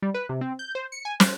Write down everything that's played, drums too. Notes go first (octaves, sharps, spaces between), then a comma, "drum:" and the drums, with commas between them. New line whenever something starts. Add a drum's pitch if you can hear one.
G3
B4
C3
C4
G6
C5
C#7
G#5
C5, drum: snare